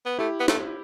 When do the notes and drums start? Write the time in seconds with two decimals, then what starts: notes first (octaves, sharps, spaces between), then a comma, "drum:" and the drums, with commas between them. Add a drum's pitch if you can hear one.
0.05 B3
0.19 A3 E4 G4
0.40 B3
0.48 A3, drum: snare